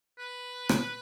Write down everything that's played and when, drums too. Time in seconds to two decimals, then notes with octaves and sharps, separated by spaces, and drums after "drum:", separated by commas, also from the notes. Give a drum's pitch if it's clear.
0.19 B4
0.69 drum: rim click